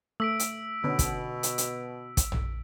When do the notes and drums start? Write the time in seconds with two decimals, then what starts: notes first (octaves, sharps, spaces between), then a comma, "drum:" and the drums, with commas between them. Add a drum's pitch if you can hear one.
0.20 A3 E6 B6 D7
0.39 drum: hi-hat
0.84 B2 D3 B3 C#4
0.99 drum: kick, hi-hat
1.43 drum: hi-hat
1.58 drum: hi-hat
2.17 drum: kick, hi-hat
2.32 drum: tom A#1